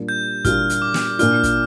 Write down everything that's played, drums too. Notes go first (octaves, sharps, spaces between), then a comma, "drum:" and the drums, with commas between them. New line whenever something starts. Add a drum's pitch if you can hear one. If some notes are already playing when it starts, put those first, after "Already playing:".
Already playing: A#2 G3 A#3 D4 F4
G6
A#2 G3 A#3 D4 F4 F6, drum: kick, hi-hat
drum: hi-hat
D6
drum: snare
A#2 A#3 D4 F4 F6, drum: hi-hat
drum: kick, hi-hat